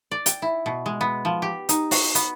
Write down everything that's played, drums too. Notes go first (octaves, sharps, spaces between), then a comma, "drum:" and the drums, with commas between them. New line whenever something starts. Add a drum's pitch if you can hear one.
D5
G5, drum: hi-hat
E4
B2
G#3
B3
F3
G4
D#4, drum: hi-hat
F#4, drum: open hi-hat
B3, drum: hi-hat